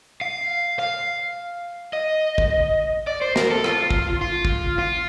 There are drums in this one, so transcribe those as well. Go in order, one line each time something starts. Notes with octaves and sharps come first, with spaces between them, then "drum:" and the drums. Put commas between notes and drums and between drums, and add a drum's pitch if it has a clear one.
F5
F5
D#5
drum: kick
D5
C5
A#4, drum: snare
A4
F4, drum: rim click
drum: kick
F4
drum: kick
F4